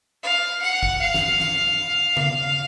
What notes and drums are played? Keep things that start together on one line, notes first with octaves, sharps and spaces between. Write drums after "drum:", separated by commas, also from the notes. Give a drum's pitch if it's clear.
F5
F#5
drum: kick
F5
drum: snare
drum: snare
F5, drum: tom C#3